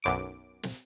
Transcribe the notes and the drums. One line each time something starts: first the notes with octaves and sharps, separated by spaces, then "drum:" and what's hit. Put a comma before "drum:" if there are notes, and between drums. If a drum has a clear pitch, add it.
B1 F#2 D6 D7
drum: snare